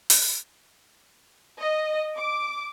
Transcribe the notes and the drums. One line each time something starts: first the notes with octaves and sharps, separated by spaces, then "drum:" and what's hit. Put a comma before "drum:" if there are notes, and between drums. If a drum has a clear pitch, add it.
drum: open hi-hat
D#5
D6